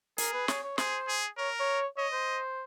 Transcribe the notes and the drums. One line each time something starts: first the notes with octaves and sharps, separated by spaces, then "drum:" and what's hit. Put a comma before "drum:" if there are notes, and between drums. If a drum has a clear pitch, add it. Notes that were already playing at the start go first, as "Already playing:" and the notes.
G#4 A#4, drum: hi-hat
B4
C#5, drum: snare
C#5
G#4 C5, drum: snare
G#4
A#4 C#5
C#5
C#5 D#5
C5